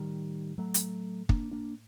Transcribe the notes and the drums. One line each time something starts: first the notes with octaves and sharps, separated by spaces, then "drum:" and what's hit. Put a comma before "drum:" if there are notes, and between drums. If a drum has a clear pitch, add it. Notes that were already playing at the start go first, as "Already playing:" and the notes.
Already playing: A2 D#3 G3
F#3 A3
drum: hi-hat
A#3 D4, drum: kick
A#3 D4